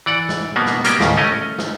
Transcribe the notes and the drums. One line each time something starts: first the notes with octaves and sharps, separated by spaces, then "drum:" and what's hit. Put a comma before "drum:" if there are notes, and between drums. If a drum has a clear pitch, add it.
E3 D5 F#5
drum: snare
B2 A#3 B3
drum: snare
G3 A#3 B3 C#4 G5, drum: hi-hat
D#2 A2 C#3, drum: snare
A3 C#4 A#4 D#5
drum: snare